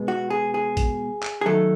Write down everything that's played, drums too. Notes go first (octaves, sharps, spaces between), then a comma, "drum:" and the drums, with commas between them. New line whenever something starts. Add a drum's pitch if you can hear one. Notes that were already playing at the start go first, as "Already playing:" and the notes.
Already playing: B2 G#3 B3
F#4
G#4
G#4
drum: kick G#1, hi-hat
drum: clap
G#4
F#2 D#3 F#3 A3 A4